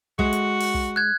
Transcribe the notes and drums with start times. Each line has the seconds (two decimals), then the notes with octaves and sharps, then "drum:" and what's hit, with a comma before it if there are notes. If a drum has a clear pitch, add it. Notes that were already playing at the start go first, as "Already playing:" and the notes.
0.19 G#3 F#4, drum: kick
0.33 drum: hi-hat
0.60 drum: open hi-hat
0.74 drum: kick
0.96 F#6 G#6